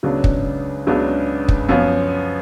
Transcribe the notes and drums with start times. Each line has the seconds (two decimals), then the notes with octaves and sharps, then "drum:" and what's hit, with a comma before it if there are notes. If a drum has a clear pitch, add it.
0.03 C#2 C#3 F#3 B3 D4
0.24 drum: kick
0.87 C#2 C#3 F#3 B3 D4
1.48 drum: kick
1.69 F#2 F3 B3